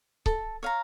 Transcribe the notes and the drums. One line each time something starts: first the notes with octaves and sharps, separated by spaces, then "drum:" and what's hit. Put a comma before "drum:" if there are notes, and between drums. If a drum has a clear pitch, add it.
A4, drum: kick C#1
C#5 F5 A#5